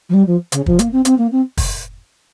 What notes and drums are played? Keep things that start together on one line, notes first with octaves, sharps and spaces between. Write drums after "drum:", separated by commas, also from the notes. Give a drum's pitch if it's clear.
F3
G3
F3
C#3, drum: hi-hat
F3, drum: kick
A#3, drum: hi-hat
C4
C4, drum: hi-hat
A#3
C4
drum: kick, open hi-hat